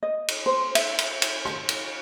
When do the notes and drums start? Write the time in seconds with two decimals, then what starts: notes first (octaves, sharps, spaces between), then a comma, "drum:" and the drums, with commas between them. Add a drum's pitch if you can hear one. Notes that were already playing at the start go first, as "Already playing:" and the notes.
0.03 D#5
0.28 drum: cymbal
0.46 C5
0.75 E5, drum: cymbal
0.98 drum: cymbal
1.22 drum: cymbal
1.45 drum: rim click
1.69 drum: cymbal